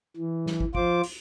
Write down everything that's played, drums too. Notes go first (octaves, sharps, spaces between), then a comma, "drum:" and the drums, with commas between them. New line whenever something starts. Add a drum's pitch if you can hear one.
E3
drum: snare
drum: kick
F3 F4 C5 D6, drum: kick
drum: open hi-hat